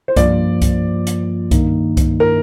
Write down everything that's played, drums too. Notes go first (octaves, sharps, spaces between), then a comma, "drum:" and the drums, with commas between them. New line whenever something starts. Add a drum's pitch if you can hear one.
C5
G2 F3 A#3 F4 D5, drum: kick C2, hi-hat
drum: kick C2, hi-hat
drum: hi-hat
G2 D#3 A#3 D#4, drum: kick C2, hi-hat
drum: kick C2, hi-hat
A#4